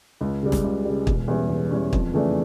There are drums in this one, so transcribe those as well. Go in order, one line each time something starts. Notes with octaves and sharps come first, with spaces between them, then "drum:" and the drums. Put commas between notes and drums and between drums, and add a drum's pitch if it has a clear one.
C#2
C#3 G3
drum: snare
C#2
C#3 G3
E1, drum: kick
E2 E3 G3 C#4
E1
E2 E3 G3 C#4
F2, drum: kick
C#3 E3 A3 D4